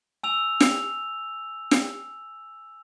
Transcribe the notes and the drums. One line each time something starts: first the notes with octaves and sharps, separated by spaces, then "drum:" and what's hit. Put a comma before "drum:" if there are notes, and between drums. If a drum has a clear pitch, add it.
G#5 E6 F7
drum: snare
drum: snare